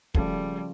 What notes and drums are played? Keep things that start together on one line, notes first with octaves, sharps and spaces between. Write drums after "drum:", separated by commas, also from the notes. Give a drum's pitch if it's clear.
C#3 F3 G3 A3, drum: kick